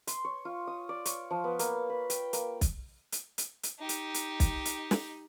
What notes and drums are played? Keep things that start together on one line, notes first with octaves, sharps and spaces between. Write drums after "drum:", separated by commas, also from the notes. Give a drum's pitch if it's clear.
C6, drum: hi-hat
C#5
F4
D#6
D5
C#5, drum: hi-hat
F3
B3
A#3, drum: hi-hat
B4
G5, drum: hi-hat
A#3, drum: hi-hat
drum: kick, hi-hat
drum: hi-hat
drum: hi-hat
drum: hi-hat
D#4 G4
drum: hi-hat
drum: hi-hat
drum: kick, hi-hat
drum: hi-hat
drum: snare